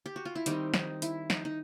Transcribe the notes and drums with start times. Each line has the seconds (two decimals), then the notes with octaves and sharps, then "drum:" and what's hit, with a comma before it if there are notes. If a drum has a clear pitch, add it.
0.06 G4
0.16 F#4
0.25 F4
0.35 E4
0.46 D#3 G3 C4 D#4, drum: hi-hat
0.74 D#4, drum: snare
1.02 E4, drum: hi-hat
1.30 D#4, drum: snare
1.45 D#4